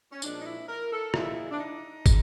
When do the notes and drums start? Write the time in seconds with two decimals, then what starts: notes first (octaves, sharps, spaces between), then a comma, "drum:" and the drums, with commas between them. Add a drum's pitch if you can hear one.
0.11 C#4
0.22 A#2 F3 G#3 D4, drum: tambourine
0.40 D#4
0.45 E4
0.69 A#4
0.92 A4
1.14 A#2 F3 G#3 E4, drum: rim click
1.51 D4
1.60 D#4
2.06 G#3, drum: kick, tambourine